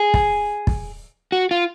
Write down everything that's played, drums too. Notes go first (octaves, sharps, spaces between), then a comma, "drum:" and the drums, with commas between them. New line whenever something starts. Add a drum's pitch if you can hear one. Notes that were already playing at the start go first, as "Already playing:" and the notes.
Already playing: G#4
drum: kick
drum: kick
F#4
F4